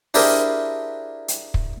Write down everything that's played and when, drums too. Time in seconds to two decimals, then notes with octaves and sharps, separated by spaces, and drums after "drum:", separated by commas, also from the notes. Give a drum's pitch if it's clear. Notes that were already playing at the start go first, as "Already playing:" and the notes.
0.14 D4 E4 G4 G#4 A#4 C5, drum: open hi-hat
1.28 drum: hi-hat
1.54 drum: kick